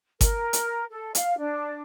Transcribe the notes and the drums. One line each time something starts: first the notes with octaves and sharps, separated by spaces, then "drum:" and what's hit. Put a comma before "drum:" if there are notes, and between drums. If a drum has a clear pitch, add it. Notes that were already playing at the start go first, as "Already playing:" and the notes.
A#4, drum: kick G1, hi-hat
drum: hi-hat
A4
F5, drum: hi-hat
D4